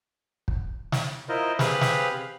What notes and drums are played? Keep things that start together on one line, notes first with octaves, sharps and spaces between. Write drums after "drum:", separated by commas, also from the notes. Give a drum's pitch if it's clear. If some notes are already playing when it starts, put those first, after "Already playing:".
drum: kick
drum: snare
E4 F4 A#4 C5 D#5
C4 G4 G#4 B4 F5 B5, drum: snare
drum: snare